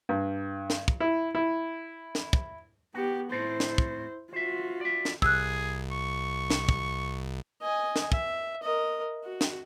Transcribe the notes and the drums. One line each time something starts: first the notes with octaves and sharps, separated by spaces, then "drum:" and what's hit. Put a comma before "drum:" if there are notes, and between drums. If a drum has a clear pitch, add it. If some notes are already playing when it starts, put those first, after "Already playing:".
G2
drum: snare
drum: kick
E4
E4
drum: snare
drum: kick
B3 F#4 G4
A2 C4 E4 A4 C5
drum: snare
drum: kick
F4 F#4 C5 E5
D5 E5
drum: snare
C2 G#4 E6 F#6, drum: kick
C#6
drum: snare
drum: kick
D#5 G#5
drum: snare
E5, drum: kick
A#4 D#5
F#4
drum: snare